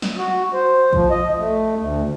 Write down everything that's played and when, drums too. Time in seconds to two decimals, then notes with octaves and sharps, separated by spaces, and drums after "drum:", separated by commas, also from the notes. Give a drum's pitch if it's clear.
0.02 drum: snare
0.18 F#4
0.54 C5
0.93 F3, drum: kick
1.10 D#5
1.39 A3
1.80 D2